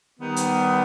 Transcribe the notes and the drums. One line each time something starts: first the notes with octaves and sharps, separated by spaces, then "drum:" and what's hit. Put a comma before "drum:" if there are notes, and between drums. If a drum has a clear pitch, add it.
D#3 G3 B3
drum: hi-hat